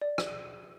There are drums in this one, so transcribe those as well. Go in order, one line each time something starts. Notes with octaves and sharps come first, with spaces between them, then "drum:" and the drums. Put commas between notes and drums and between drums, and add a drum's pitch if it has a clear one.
D5
drum: rim click